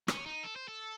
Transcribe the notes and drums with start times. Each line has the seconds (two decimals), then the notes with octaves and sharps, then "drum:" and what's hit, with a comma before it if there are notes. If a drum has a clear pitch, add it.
0.08 C#4, drum: rim click
0.26 D#4
0.43 A4
0.56 C5
0.68 A4